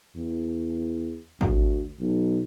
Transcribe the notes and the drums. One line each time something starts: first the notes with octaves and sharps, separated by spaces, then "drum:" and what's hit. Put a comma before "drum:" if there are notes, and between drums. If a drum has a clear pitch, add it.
E2
D2, drum: kick
B1